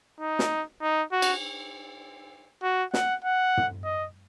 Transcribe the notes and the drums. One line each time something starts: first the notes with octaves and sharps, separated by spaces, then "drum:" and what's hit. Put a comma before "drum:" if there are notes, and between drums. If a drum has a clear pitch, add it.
D#4
drum: snare
D#4
F#4
drum: cymbal
F#4
F#5, drum: snare
F#5
drum: tom
D#5